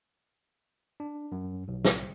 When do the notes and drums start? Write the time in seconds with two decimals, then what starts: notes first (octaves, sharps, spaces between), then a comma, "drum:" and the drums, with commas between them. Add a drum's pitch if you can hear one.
1.00 D4
1.32 F#2
1.68 B1
1.85 drum: snare